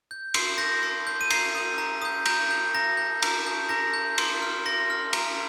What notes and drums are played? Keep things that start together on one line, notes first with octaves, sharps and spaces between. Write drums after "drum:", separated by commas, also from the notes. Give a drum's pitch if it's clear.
G6
C6 C7, drum: cymbal
G6 A#6
C6
G6
D#7
A#5 C7, drum: cymbal
D#6 G6
A#5
D#6 G6
A#5 G6, drum: cymbal
G6
A#5 A#6
G6
A#5, drum: cymbal
G6
A#5 A#6
G6
C6, drum: cymbal
F6
C6 A#6
F6
A#5, drum: cymbal